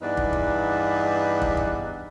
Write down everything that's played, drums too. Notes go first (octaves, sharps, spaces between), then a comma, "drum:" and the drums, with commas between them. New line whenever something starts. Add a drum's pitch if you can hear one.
E2 G2 D4 D#4 B4 F#5
drum: kick
drum: kick
drum: kick
drum: kick